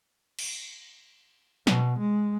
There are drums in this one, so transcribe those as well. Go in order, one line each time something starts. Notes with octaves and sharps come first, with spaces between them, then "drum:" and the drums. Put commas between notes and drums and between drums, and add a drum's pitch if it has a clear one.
drum: cymbal
B2, drum: snare
G#3